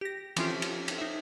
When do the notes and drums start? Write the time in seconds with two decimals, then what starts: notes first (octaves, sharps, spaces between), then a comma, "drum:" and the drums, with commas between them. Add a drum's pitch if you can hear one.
0.01 G4 A#6
0.36 E3 F3 C4 C#4 F4 G4, drum: cymbal
0.62 drum: cymbal
0.88 drum: cymbal
0.98 D#4 E5